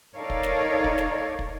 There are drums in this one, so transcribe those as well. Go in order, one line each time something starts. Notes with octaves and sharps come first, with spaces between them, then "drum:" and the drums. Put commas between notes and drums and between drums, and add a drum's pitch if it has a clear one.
D#4 A4 A#4 C#5 D5 F5
drum: kick
drum: snare
drum: kick
drum: snare
drum: kick